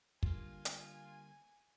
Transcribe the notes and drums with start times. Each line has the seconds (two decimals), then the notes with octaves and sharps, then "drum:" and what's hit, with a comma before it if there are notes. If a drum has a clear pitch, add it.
0.23 D3 G3 A#3 F4 G#5, drum: kick
0.65 drum: hi-hat